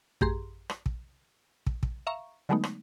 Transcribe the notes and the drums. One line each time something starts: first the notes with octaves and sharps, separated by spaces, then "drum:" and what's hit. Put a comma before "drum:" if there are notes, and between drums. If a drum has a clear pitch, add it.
A1 F#2 G4 G#4 A#5 C6, drum: kick
drum: rim click
drum: kick
drum: kick
drum: kick
E5 F5 A#5 C#6
D3 F#3 G#3 A3 B3 D#4
drum: rim click